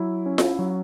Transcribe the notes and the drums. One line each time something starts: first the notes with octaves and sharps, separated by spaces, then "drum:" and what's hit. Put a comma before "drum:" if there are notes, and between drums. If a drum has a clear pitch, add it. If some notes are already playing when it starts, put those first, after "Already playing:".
Already playing: F#3 E4
C#4
drum: snare F4
F#3